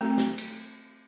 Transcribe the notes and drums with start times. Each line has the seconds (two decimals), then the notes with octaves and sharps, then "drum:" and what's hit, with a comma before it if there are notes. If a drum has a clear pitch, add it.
0.01 A3 C4 F#4 A4
0.18 drum: snare
0.38 drum: cymbal